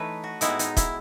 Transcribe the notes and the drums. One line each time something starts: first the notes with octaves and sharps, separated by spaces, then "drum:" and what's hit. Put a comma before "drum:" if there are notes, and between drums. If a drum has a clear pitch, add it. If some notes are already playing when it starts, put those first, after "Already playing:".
Already playing: E3 A3 D#4 B4 C#5
F#4
A2 G#3 B3 D#4 E4, drum: hi-hat
D#4, drum: hi-hat
E4, drum: kick, hi-hat